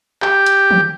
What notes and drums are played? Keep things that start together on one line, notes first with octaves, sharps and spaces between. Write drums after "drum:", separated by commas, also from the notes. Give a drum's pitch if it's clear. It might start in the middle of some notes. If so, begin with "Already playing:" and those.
G4, drum: clap
drum: hi-hat
drum: tom